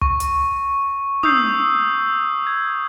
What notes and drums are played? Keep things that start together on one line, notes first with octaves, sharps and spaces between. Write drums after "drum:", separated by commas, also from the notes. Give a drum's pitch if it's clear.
C#6, drum: kick
drum: hi-hat
D#6 E6 G6 C7, drum: tom
G#6